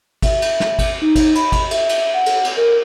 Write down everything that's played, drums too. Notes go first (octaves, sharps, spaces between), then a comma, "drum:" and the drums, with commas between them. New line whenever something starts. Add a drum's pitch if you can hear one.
E5, drum: kick G#1, cymbal
drum: cymbal
drum: snare
drum: kick G#1, cymbal
D#4
drum: kick G#1, cymbal
B5, drum: cymbal
drum: kick G#1, cymbal
E5, drum: cymbal
drum: cymbal
F#5
drum: cymbal
drum: cymbal
A#4